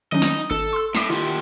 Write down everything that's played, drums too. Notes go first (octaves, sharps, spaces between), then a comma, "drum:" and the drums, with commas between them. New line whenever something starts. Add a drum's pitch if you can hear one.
D#3 F#3 C#4 D#4 D#5
drum: snare
G#1 D4 A4
C6 E6
A2 D6 B6 C7, drum: snare
D#3 E4 F4 G4